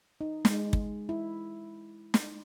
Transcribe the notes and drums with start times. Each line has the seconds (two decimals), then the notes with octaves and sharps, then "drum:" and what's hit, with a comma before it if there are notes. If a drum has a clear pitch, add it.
0.21 D#4
0.45 G#3, drum: snare
0.73 drum: kick
1.09 E4
2.14 drum: snare